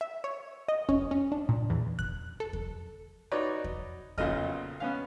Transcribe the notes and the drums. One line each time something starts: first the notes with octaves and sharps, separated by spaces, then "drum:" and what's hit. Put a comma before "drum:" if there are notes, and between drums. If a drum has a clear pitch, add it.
E5
C#5
D#5
C#4, drum: kick E2
C#4
D4
A#2
E2
F#6, drum: kick E2
A4
drum: kick E2
D#4 F#4 B4 C#5 D5
drum: kick E2
B1 A#2 C#3 A4 D#5 F6, drum: kick E2
B3 C#4 F5